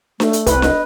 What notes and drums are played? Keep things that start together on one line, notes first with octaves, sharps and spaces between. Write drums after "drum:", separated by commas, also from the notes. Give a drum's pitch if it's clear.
A3, drum: snare D4
drum: hi-hat
C2 B4, drum: kick, hi-hat
D#5, drum: snare D4